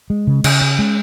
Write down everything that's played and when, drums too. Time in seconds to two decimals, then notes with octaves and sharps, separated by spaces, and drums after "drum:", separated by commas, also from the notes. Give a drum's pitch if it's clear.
0.10 G#3
0.27 C#3
0.44 C#3, drum: cymbal
0.61 C#4
0.79 G#3